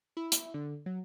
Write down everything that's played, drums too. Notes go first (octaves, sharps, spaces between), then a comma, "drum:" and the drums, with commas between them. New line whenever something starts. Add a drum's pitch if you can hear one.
E4
drum: hi-hat
D3
F#3